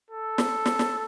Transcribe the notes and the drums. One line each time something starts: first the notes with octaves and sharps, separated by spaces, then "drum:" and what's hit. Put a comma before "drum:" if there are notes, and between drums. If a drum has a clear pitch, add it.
A4
drum: snare
drum: snare
drum: snare